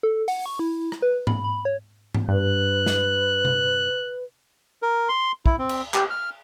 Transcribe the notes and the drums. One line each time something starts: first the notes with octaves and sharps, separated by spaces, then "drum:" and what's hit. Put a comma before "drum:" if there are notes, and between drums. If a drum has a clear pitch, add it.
A4
F#5, drum: open hi-hat
C#6
E4
drum: rim click
B4
B5, drum: tom G#2
B5
C#5
drum: tom G#2
G2 B4 F#6
drum: snare
drum: tom C3
A#4
C6
E4, drum: kick
C4
drum: cymbal
G4, drum: clap
F6